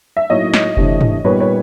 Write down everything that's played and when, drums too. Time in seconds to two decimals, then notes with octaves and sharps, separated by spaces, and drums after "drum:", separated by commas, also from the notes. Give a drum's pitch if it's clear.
0.17 E5
0.30 A2 F#3 A#3 D#4 C#5 D#5
0.54 drum: snare
0.77 C3 E3 A3 D4 G4, drum: kick F1
1.01 drum: tom
1.24 A#2 G3 B3 D#4 B4 C#5
1.40 B4 C#5